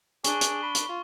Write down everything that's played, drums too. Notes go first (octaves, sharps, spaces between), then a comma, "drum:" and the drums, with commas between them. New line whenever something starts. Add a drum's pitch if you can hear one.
D4 G#4 C#6 G7, drum: hi-hat
drum: hi-hat
B5
drum: hi-hat
F4